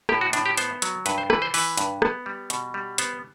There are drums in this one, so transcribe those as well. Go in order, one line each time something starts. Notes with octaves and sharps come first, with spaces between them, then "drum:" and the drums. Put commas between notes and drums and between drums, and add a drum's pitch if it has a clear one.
A2 G4, drum: rim click
F#4
A2 D4, drum: hi-hat
G4
B3 C5, drum: hi-hat
F#3, drum: hi-hat
G2 B4, drum: hi-hat
C5
E3 B4, drum: rim click
C5
E3 B4, drum: open hi-hat
G2, drum: hi-hat
B3, drum: rim click
G3
B2, drum: hi-hat
G3
B3 C5, drum: hi-hat